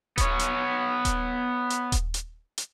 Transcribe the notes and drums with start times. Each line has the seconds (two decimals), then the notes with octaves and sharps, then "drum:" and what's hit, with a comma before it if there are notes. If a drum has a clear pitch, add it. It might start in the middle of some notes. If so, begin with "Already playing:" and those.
0.18 B3 C#5, drum: kick D#1, hi-hat
0.39 drum: hi-hat
1.05 drum: kick D#1, hi-hat
1.70 drum: hi-hat
1.92 drum: kick D#1, hi-hat
2.14 drum: hi-hat
2.58 drum: hi-hat